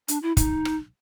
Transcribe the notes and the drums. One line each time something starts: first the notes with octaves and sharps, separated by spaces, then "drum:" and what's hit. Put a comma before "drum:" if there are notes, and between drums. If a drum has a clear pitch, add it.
D4, drum: hi-hat
E4
D#4, drum: kick, hi-hat
drum: rim click